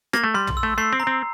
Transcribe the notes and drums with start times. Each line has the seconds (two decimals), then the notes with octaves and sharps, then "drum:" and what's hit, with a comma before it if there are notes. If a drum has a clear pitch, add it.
0.13 A#3 A6, drum: rim click
0.24 A3
0.34 G3 C6
0.47 drum: tom
0.57 E6
0.63 A3
0.78 A3 C7
0.93 C4
1.00 A#5
1.07 C4